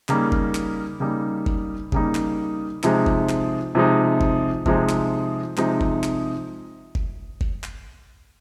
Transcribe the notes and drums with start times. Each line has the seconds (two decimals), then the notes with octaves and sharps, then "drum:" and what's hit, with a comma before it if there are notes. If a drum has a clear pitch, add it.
0.09 C#3 G3 A#3 D#4, drum: clap
0.32 drum: kick F#1
0.55 drum: clap
1.00 C#3 G3 A#3 D#4
1.46 drum: kick F#1
1.92 C#3 G3 A#3 D#4, drum: kick F#1
2.15 drum: clap
2.83 C3 F3 G#3 C4 D#4, drum: clap
3.06 drum: kick F#1
3.29 drum: clap
3.75 C3 F3 G#3 C4 D#4
4.21 drum: kick F#1
4.66 C3 F3 G#3 C4 D#4, drum: kick F#1
4.89 drum: clap
5.57 C3 F3 G#3 C4 D#4, drum: clap
5.81 drum: kick F#1
6.04 drum: clap
6.95 drum: kick F#1
7.41 drum: kick F#1
7.64 drum: clap